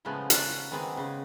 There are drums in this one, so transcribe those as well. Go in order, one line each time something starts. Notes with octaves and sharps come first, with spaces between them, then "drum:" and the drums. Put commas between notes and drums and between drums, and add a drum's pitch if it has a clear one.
A2 C#3 F3 G#3 A3 B3
F4 F#4 A4 A#4 F5 F#5, drum: hi-hat
D#3 G#3 B3 C4
C#3